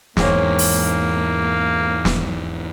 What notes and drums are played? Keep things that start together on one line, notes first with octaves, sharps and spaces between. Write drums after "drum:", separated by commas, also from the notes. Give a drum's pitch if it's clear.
E2 G#2 G#3 A#3 C4 C#4, drum: snare
drum: open hi-hat
drum: snare